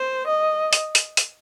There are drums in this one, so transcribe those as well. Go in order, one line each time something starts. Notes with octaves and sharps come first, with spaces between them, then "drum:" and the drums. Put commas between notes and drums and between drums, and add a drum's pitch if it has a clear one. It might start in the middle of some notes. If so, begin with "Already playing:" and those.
Already playing: C5
D#5
drum: hi-hat
drum: hi-hat
drum: hi-hat